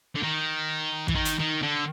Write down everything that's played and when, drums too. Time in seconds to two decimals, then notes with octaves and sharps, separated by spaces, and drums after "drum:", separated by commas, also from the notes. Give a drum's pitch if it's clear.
0.15 D3
0.23 D#3
1.08 E3, drum: kick
1.15 D#3
1.25 drum: hi-hat
1.39 D#3
1.62 D3